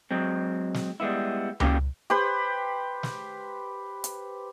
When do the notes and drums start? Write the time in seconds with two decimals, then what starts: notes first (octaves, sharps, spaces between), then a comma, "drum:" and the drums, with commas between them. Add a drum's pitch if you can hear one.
0.11 F#3 G#3 C4
0.74 drum: snare
1.00 G3 G#3 B3 E4
1.60 A#3 C#4 F#4 G4 A#4 B4, drum: tom C#2
2.10 G4 B4 C5
3.03 drum: snare
4.04 drum: hi-hat